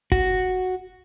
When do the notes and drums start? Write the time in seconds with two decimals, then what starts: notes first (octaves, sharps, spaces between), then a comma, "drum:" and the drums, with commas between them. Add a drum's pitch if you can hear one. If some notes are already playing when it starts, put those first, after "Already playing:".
0.12 F#4, drum: kick